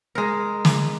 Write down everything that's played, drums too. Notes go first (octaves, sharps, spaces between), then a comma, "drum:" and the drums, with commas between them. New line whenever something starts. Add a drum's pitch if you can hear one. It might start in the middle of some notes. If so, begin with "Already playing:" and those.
G#3 A#4
drum: snare